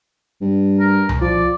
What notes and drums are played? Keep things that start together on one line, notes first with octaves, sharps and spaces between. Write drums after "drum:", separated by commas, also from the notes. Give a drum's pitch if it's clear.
G2
A#4
drum: tom C2
F3 D5